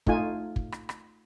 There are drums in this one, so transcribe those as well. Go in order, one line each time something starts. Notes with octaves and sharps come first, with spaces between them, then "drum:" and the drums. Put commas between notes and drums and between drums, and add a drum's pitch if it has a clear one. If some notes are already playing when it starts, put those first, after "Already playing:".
A3 D#4 F4 G#5, drum: kick
drum: kick
drum: rim click
drum: rim click